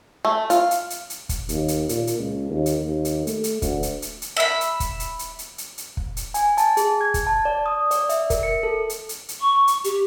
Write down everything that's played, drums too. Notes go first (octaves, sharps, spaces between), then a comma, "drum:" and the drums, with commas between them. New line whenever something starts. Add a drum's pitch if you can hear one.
A3
F4, drum: hi-hat
drum: hi-hat
drum: hi-hat
drum: hi-hat
drum: kick, hi-hat
D#2, drum: hi-hat
drum: hi-hat
A#2, drum: hi-hat
drum: hi-hat
C#2
D#2
drum: hi-hat
D#2
drum: hi-hat
A3, drum: hi-hat
drum: hi-hat
D2, drum: kick, hi-hat
drum: hi-hat
drum: hi-hat
drum: hi-hat
E5 B5
drum: hi-hat
drum: kick, hi-hat
drum: hi-hat
drum: hi-hat
drum: hi-hat
drum: hi-hat
drum: hi-hat
drum: kick
drum: hi-hat
G#5, drum: hi-hat
A5, drum: hi-hat
G#4, drum: hi-hat
G#6
drum: kick, hi-hat
A5
D5
D#6
D5, drum: hi-hat
E5, drum: hi-hat
A#4, drum: kick, hi-hat
C#7
A4
drum: hi-hat
drum: hi-hat
drum: hi-hat
C#6
drum: hi-hat
G4, drum: hi-hat